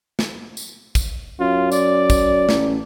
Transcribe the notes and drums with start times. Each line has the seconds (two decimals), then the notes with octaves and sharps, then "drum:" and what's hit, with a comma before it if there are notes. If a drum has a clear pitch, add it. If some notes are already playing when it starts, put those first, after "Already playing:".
0.19 drum: snare
0.57 drum: tambourine
0.95 drum: kick, tambourine
1.40 F#2 F4
1.72 D5, drum: tambourine
2.10 drum: kick, tambourine
2.49 A1, drum: snare